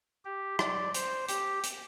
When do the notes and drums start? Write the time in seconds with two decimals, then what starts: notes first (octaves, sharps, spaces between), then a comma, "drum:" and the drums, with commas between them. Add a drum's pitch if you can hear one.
0.25 G4
0.59 D5, drum: rim click
0.94 C5, drum: hi-hat
1.28 G4, drum: hi-hat
1.63 drum: hi-hat